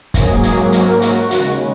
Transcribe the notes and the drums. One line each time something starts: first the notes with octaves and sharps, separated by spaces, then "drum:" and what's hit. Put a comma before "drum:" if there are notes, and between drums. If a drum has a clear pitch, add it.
G#2 F#3 A#3 G#4, drum: kick, hi-hat
drum: hi-hat
A#4, drum: hi-hat
F#4, drum: hi-hat
D#2 C#3 G#3, drum: hi-hat